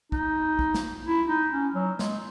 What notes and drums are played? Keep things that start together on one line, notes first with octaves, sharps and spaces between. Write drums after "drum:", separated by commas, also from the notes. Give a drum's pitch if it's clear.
D#4, drum: kick
drum: kick
drum: snare
E4
D#4
C#4
F#3
G#3, drum: snare